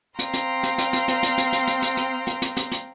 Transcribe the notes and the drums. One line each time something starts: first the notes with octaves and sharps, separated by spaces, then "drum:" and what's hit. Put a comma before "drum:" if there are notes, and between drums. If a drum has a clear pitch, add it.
C4 F5 G5 A#5 C6, drum: hi-hat
drum: hi-hat
drum: hi-hat
drum: hi-hat
drum: hi-hat
drum: hi-hat
drum: hi-hat
drum: hi-hat
drum: hi-hat
drum: hi-hat
drum: hi-hat
drum: hi-hat
drum: hi-hat
drum: hi-hat
drum: hi-hat
drum: hi-hat